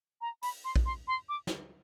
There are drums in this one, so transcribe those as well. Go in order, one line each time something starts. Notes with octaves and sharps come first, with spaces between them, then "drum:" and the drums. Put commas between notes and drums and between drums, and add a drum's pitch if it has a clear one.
A#5
B5, drum: open hi-hat
C6
drum: kick A#1
C6
C6
D6
drum: snare